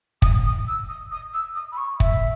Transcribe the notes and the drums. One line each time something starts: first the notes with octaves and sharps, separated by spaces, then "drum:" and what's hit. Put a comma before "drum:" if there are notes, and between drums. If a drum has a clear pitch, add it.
D#6, drum: kick
D#6
E6
D#6
D#6
E6
D#6
B5
C#6
E5, drum: kick